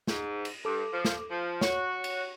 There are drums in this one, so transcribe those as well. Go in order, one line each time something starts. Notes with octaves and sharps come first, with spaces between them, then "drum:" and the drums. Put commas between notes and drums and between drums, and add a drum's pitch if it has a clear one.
G#2, drum: snare
drum: cymbal
G2 A4 D6
F3
drum: snare
F3
F#4 C#5, drum: snare
drum: cymbal